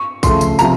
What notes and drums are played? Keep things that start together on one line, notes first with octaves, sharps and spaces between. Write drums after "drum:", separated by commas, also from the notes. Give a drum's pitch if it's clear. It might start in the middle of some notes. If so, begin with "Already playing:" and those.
Already playing: C#6
C#3 F3 A3 C6, drum: kick A1, tambourine
drum: tambourine
C3 F3 A#5, drum: tambourine